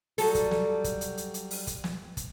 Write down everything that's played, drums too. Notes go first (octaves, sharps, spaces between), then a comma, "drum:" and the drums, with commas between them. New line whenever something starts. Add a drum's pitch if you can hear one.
F#3 G3 A4, drum: open hi-hat
drum: kick, hi-hat
drum: snare
drum: kick, hi-hat
drum: hi-hat
drum: hi-hat
drum: hi-hat
drum: open hi-hat
drum: kick, hi-hat
drum: snare
drum: kick, hi-hat